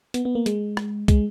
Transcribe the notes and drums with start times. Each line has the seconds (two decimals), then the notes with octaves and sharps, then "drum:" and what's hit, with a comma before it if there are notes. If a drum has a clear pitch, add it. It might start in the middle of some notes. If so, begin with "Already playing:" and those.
0.14 B3, drum: hi-hat
0.25 B3
0.35 A#3
0.46 G#3, drum: hi-hat
0.77 drum: rim click
1.08 G#3, drum: kick, hi-hat